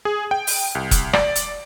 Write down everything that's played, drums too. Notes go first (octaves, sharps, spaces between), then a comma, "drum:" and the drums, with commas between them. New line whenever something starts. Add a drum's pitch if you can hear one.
G#4
G5
drum: open hi-hat
C2
drum: kick F1, hi-hat
D5, drum: rim click
drum: hi-hat